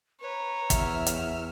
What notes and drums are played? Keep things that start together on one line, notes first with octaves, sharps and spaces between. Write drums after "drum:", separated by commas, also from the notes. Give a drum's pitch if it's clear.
B4 C#5 A#5
E2 E5 E6 F6, drum: kick, hi-hat
drum: hi-hat